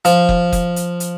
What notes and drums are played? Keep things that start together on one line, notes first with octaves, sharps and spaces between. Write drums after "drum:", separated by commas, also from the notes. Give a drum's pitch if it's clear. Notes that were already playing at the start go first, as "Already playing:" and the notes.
F3, drum: hi-hat
drum: kick
drum: kick, hi-hat
drum: hi-hat
drum: hi-hat